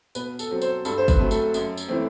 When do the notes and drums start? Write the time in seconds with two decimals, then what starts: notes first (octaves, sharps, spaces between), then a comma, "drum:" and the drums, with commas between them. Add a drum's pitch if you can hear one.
0.15 B2 B4, drum: tambourine
0.39 A4, drum: tambourine
0.51 F#3 C4
0.62 C5, drum: tambourine
0.85 G2 A4, drum: tambourine
0.98 C5
1.08 B4, drum: kick, tambourine
1.19 F#3 A3 C4
1.31 A4, drum: tambourine
1.54 F#2, drum: tambourine
1.77 drum: tambourine
1.88 E3 A3 C4